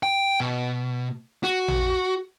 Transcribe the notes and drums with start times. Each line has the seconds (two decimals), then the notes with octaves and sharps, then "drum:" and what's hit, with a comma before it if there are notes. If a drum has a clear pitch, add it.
0.03 G5
0.40 B2
1.44 F#4
1.68 drum: tom A1